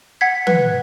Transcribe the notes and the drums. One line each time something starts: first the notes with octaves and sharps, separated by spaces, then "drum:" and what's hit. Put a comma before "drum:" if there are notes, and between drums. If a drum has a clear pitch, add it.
F#5 G#6 B6
B4, drum: tom